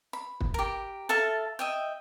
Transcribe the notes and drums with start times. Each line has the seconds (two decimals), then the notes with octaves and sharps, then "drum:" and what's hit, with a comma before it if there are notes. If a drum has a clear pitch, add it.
0.13 B5
0.40 drum: kick
0.54 G4 A#4
1.09 A4 E5 F5 A5
1.59 D#5 E5 G5